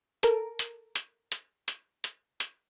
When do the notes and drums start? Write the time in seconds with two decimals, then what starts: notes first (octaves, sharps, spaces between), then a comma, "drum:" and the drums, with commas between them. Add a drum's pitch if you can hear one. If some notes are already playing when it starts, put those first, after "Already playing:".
0.23 A4 A#4, drum: hi-hat
0.59 drum: hi-hat
0.96 drum: hi-hat
1.32 drum: hi-hat
1.68 drum: hi-hat
2.04 drum: hi-hat
2.40 drum: hi-hat